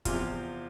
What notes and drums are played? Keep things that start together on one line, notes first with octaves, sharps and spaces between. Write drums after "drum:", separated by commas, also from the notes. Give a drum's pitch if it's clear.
E2 C3 F3 F4, drum: kick, hi-hat